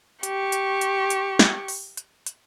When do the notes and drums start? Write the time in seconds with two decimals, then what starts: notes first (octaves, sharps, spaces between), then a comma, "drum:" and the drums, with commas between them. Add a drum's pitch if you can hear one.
0.23 G4 C#6, drum: hi-hat
0.52 drum: hi-hat
0.81 drum: hi-hat
1.10 drum: hi-hat
1.39 drum: snare
1.68 drum: open hi-hat
1.97 drum: hi-hat
2.26 drum: hi-hat